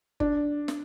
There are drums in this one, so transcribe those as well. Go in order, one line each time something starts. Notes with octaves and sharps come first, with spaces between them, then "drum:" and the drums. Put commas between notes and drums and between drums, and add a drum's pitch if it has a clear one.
D4, drum: kick G1
drum: snare